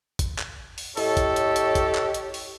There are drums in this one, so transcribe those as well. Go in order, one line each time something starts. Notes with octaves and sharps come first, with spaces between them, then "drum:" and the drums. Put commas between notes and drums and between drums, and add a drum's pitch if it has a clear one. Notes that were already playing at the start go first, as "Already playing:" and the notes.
drum: kick, hi-hat
drum: clap
drum: open hi-hat
A2 G4 A4 C#5 D#5, drum: open hi-hat
drum: kick, hi-hat
drum: hi-hat
drum: hi-hat
drum: kick, hi-hat
drum: clap
drum: hi-hat
drum: open hi-hat